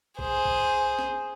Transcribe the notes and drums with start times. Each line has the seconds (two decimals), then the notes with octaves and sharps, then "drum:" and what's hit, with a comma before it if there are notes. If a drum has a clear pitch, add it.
0.19 G#4 C5, drum: kick A#1
0.45 drum: kick A#1
0.99 drum: snare